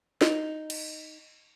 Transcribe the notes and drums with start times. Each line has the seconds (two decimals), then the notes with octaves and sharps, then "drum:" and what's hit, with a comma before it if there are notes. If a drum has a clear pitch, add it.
0.21 D#4, drum: snare
0.70 drum: cymbal